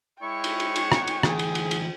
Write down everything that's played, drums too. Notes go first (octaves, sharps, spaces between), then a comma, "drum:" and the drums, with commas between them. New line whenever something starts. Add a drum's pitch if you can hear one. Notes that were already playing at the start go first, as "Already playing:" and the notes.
G#3 E4 C#5 G5 C#6
drum: cymbal
drum: cymbal
drum: cymbal
drum: rim click
drum: cymbal
D2 E3 G#4, drum: rim click
drum: cymbal
drum: cymbal
drum: cymbal